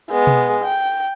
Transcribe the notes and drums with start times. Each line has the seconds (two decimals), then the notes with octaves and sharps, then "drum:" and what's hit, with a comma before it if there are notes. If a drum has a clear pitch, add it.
0.11 G#3 B3
0.27 drum: tom B2
0.64 G5